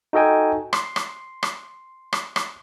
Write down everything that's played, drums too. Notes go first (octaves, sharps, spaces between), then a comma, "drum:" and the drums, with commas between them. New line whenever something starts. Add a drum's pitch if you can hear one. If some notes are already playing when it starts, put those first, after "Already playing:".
D#4 F#4 A4 D#5 G5 G#5
C6, drum: rim click
drum: rim click
drum: rim click
drum: rim click
drum: rim click